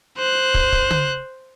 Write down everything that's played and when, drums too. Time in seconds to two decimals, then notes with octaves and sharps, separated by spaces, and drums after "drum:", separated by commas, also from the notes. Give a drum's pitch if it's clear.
0.18 C5 F#6
0.54 drum: kick
0.72 drum: kick
0.91 drum: tom